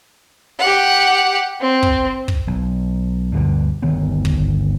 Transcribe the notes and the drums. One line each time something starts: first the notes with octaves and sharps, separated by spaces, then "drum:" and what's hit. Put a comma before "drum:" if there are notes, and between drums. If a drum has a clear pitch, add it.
G4 F#5
C4
drum: kick
drum: kick
B1
D2 G2 B2 D3
G1 D2 D#3 B3
drum: kick